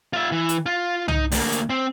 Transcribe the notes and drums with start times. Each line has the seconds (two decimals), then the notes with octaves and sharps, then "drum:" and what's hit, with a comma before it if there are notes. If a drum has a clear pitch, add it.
0.13 F4 E5
0.32 E3
0.49 drum: hi-hat
0.66 F4
1.08 D#4, drum: tom
1.32 D2 A#3, drum: open hi-hat
1.52 drum: hi-hat
1.70 C4